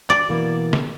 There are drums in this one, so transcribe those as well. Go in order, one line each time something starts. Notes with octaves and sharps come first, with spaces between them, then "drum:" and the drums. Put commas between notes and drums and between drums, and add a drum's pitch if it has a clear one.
D5, drum: clap
B2 E3 A#3
drum: snare